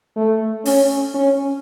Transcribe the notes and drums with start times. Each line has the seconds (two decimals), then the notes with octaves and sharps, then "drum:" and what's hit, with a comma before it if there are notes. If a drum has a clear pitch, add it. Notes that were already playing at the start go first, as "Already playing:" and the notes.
0.16 A3
0.65 C#4, drum: open hi-hat
1.15 C#4